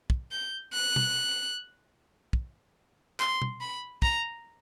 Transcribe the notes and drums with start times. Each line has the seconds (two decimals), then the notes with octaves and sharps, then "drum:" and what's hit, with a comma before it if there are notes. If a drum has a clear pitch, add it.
0.10 drum: kick
0.31 G6
0.73 F#6
0.96 drum: tom B2
2.33 drum: kick
3.20 C6, drum: clap
3.42 drum: tom B2
3.61 B5
4.02 A#5, drum: kick